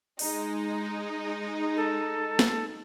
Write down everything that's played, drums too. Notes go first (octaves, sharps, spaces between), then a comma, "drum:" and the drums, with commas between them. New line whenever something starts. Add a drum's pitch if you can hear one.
G#3 D#4, drum: open hi-hat
A4
drum: snare